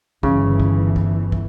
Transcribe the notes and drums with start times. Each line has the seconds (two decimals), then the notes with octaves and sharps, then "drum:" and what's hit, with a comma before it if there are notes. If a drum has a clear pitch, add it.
0.23 G1 C#3 E3, drum: kick
0.60 drum: kick
0.96 drum: kick
1.32 drum: kick